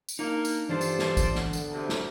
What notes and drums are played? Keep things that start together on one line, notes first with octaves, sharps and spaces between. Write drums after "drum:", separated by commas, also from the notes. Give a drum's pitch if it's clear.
drum: tambourine
A#3 D4 D#4
drum: tambourine
G2 E3 D4 F4 A4 C5 D5 A5
drum: tambourine
drum: snare
drum: kick, tambourine
D3 B3, drum: snare
drum: tambourine
D2 C3
drum: snare